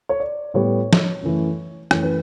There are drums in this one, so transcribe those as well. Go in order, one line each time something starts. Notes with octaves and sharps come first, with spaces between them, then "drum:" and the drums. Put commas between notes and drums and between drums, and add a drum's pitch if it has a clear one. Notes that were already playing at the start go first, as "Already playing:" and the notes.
C#5
D5
A2 G3 B3 C#5
drum: snare F3
F#2 E3 A3
F#2 E3 A3 C#5, drum: rim click
B4